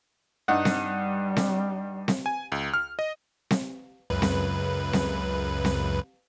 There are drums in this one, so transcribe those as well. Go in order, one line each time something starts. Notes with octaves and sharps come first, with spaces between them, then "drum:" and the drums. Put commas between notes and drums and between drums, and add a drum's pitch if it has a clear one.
G2 D#4 F#5
drum: snare C4
G3
drum: snare C4
drum: snare C4
G#5
C#2
F6
D#5
drum: snare C4
C#2 F#2 B4
drum: snare C4
drum: snare C4
drum: snare C4